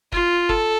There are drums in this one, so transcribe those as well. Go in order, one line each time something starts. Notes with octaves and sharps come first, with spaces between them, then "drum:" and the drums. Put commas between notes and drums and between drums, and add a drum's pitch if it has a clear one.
F4, drum: kick
A4, drum: kick